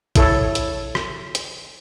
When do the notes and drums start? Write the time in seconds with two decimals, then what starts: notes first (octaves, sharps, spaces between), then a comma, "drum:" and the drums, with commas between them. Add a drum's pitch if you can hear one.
0.15 E4 A4 C#5, drum: kick A1, hi-hat
0.55 drum: hi-hat
0.95 drum: rim click
1.35 drum: hi-hat